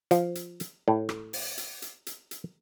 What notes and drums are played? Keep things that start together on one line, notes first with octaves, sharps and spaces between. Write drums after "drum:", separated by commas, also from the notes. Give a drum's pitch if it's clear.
F3, drum: hi-hat
drum: hi-hat
drum: hi-hat
A2
drum: rim click
drum: open hi-hat
drum: hi-hat
drum: hi-hat
drum: hi-hat
drum: hi-hat